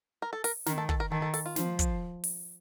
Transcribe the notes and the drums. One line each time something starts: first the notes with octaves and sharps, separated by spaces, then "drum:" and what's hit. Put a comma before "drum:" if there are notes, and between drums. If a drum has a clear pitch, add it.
A#4
A4
A#4, drum: open hi-hat
D#3 A#4, drum: snare
A4
A4, drum: kick
A#4
D#3 A4
A4
A4, drum: open hi-hat
F4
F3, drum: snare
drum: kick, hi-hat
drum: open hi-hat